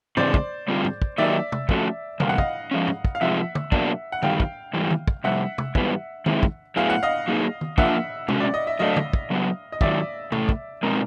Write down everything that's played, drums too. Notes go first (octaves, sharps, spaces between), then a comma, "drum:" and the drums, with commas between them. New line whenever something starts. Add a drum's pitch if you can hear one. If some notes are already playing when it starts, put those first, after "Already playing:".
C#3 E3 G#3 C4 C5 D5, drum: tom
drum: kick
D3 G3 C4 F4
drum: tom
drum: kick
D#3 F#3 A#3 D#4 G4 D5 E5
drum: tom
F3 A3 C#4 F#4 A4, drum: kick
E2 C3 G3 A#3 F5, drum: tom
F#5
D#5 F5, drum: kick
F3 G#3 C#4
drum: tom
drum: kick
F5
C3 F3 G#3 E5 F#5
drum: tom
B2 F#3 A#3 D4, drum: kick
F#5
G2 D#3 G3 F5 G5, drum: tom
drum: kick
G#2 E3 G3
drum: tom D#3
drum: kick
F2 C3 G3 E5 F#5
drum: tom
G#2 E3 G3 B3, drum: kick
D#3 G#3 C4 E4, drum: tom D#3
drum: kick
A2 F#3 B3 E4 G#4 F5
F#5
D#5 F5
F#3 A#3 D#4 G#4
drum: tom D#3
F3 A#3 D4 F4 E5 F#5, drum: kick
B2 G#3 C#4 F#4, drum: tom
D5
D#5
E5
F#3 A3 D4 D#5 F5
drum: tom
drum: kick
C#3 F#3 B3
D#5
G#2 D#3 F#3 D5 E5, drum: kick
A2 E3 A3, drum: tom
drum: kick
B2 G#3 C4 D#4 A#4